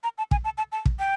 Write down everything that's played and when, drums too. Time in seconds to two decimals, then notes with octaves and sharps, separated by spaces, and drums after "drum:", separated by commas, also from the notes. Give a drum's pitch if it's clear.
0.04 A#5
0.18 A5
0.31 G#5, drum: kick
0.44 A5
0.58 A5
0.72 A5
0.86 drum: kick
0.99 G5